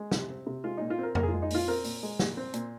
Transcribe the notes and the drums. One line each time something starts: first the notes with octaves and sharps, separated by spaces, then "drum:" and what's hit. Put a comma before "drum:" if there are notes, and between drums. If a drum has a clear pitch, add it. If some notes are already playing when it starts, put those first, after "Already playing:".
Already playing: G#3
C3, drum: snare
C4
C3
G#3 F4
A#2 D#4
F4
C4 A#4
A#2 A#4, drum: tom F2
G#4
G#3 F4
D#4
A#2 F4, drum: open hi-hat
C4 A#4
A#2, drum: open hi-hat
G#3
A#2, drum: snare
C4
A#2, drum: hi-hat